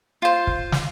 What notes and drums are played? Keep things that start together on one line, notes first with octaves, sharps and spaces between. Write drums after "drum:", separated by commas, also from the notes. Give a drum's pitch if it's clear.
F4 C5
drum: kick
drum: snare